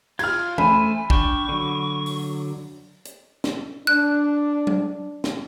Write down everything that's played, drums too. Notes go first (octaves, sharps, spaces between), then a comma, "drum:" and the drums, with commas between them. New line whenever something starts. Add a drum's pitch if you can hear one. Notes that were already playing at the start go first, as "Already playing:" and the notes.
F4 F6 G#6, drum: cymbal
A3 C5 G#5 B5, drum: tom E3
D4 G5 C#6, drum: kick
D3 F#3
drum: open hi-hat
drum: hi-hat
drum: snare
D4 F#6
drum: tom F#3
drum: snare